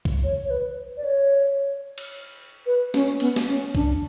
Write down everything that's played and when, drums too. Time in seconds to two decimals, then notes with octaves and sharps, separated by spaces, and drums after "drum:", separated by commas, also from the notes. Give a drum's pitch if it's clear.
0.05 drum: kick
0.24 C#5
0.44 C#5
0.50 B4
0.97 D5
1.04 C#5
1.98 drum: cymbal
2.66 B4
2.94 C#4, drum: snare
3.20 B3, drum: cymbal
3.36 drum: snare
3.47 C#4
3.75 D4, drum: kick